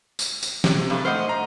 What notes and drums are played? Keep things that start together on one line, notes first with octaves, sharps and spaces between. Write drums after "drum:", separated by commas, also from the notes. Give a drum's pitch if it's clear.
drum: tambourine
drum: tambourine
C3, drum: snare
G2 A3
A3 C5 D#5 F#5 F6
A#5